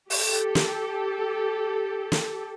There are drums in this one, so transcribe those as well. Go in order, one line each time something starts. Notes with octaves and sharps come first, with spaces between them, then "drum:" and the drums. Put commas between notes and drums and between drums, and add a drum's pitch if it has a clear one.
G4 A4, drum: open hi-hat
drum: snare
drum: snare